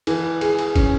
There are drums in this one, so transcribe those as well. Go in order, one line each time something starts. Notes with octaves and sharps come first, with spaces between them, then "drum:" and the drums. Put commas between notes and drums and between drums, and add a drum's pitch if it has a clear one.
E3, drum: cymbal
G#4, drum: cymbal
drum: cymbal
C#4, drum: kick F#1, cymbal